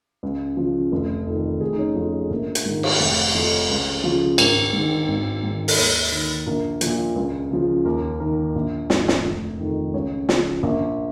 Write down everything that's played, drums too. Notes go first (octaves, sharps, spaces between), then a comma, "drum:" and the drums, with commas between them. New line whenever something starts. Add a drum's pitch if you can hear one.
C#2
C#3 F3
F1
F2 D#3
F1 G#4
D#4
C#4
F2 F3 F4
G#4
A#1 A#4
drum: hi-hat
G#2 D#3 A#4
drum: cymbal
F1
F2 F3
C#2
C#3 F3
G#1 A#4, drum: cymbal
G#2 D#3
G#1
G#2 D#3
A#4, drum: open hi-hat
D#2 C#5
D#3
A#1 A#4
A#2 F3, drum: hi-hat
C#2
C#3 F3
D#2 A#4
D#3 A#4
A#1
G#2 F3, drum: snare
drum: snare
F1
F2 D#3
C#2 C#5
C#3 F3, drum: snare
A#1 A#4